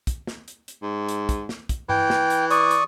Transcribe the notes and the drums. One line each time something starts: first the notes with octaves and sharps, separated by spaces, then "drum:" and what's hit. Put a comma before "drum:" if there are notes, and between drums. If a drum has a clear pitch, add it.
drum: kick, hi-hat
drum: snare
drum: hi-hat
drum: hi-hat
G#2
drum: hi-hat
drum: kick, hi-hat
drum: snare
drum: kick, hi-hat
E3 G5, drum: tom G2
drum: snare
drum: hi-hat
D5 C#6 D#6, drum: hi-hat
drum: hi-hat